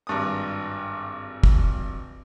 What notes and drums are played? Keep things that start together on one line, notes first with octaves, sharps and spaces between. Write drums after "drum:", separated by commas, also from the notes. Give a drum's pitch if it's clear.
G#1 G2 D#6
drum: kick